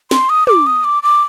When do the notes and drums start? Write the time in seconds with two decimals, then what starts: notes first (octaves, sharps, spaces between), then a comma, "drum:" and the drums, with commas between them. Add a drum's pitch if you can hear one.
0.11 C6, drum: snare
0.29 D#6
0.47 D6, drum: tom
0.67 D#6
0.84 D6
1.03 D6